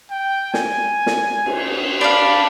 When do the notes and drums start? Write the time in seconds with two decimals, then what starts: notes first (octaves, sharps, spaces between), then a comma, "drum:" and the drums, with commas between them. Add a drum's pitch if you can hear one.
0.11 G5
0.54 G#5, drum: snare
1.06 drum: snare
1.46 drum: cymbal
2.01 D4 D5 F5 B5